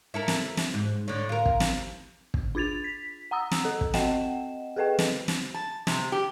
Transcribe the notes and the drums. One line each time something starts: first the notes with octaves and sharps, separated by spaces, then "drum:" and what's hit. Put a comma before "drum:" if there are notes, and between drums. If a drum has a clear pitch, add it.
E4 A4 A#4
drum: snare
drum: snare
G#2
A2 D3
F4 A#4
drum: kick
drum: snare
drum: kick
D4 F4 G#6 A6 F7
B6
F#5 A#5 D#6 E6
drum: snare
A4
drum: kick
C4 D#5 F#5 G5 E7, drum: snare
G#4 A4 B4 D#5 G5
drum: snare
drum: snare
A5
C3, drum: snare
G4